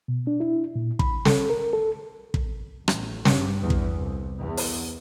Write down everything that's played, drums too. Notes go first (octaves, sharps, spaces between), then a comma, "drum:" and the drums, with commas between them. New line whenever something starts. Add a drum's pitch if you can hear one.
B2
D4
E4
A#2
B5, drum: kick
A4, drum: snare
A#4
A4
drum: kick
A1, drum: rim click
G2, drum: snare
E2
drum: kick
C2
E2
drum: open hi-hat